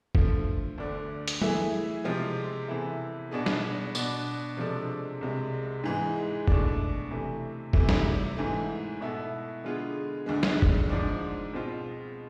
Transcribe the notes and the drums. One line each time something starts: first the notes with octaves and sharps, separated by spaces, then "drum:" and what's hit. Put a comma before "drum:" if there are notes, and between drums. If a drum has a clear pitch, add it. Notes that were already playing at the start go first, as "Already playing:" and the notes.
D3 F3 A3, drum: kick F#1
D2 D3 A3 D4
drum: hi-hat
E3 A3 E4 G#4, drum: tom F#3
C3 F3 G#3 C4 F4
C3 E3 B3 E4 A4
B2 B3 D4 G#4
drum: snare
B2 B3 D4, drum: tambourine
C3 F3 G#3 D4 A4
C2 C3 G#3
G#2 E3 G#3
B2 A3 D4, drum: kick F#1
C3 E3 A3
C3 E3 A3, drum: kick F#1
drum: snare
G#2 E3 A3
B2 B3 E4 A4
D3 G#3 B3 F4 G#4
D2 D3 G#3
drum: snare
drum: kick F#1
G#2 F3 G#3 D4
B2 G#3 C4 F4